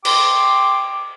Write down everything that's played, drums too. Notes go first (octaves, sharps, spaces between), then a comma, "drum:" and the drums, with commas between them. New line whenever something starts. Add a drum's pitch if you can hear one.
G5 C6 D6, drum: cymbal